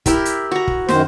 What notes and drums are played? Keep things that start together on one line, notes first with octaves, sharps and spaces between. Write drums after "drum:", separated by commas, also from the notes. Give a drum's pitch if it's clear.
E4 G4 A#4, drum: kick, hi-hat
drum: hi-hat
F#4 A#5
drum: kick
F#2 D#3 C5, drum: snare